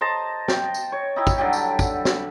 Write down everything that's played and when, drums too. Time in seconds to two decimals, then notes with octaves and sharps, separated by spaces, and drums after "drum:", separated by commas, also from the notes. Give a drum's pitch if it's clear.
0.01 C5 D#5 A5 A#5
0.48 G5, drum: snare
0.74 drum: tambourine
0.92 C#5
1.16 D#4 E4 G4
1.27 drum: kick, tambourine
1.38 D3 F#3 G3 G4
1.53 drum: tambourine
1.79 drum: kick, tambourine
2.05 drum: snare